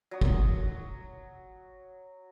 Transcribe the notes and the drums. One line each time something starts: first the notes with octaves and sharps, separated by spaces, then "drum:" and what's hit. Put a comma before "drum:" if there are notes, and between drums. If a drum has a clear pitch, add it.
F#3 D#6
drum: kick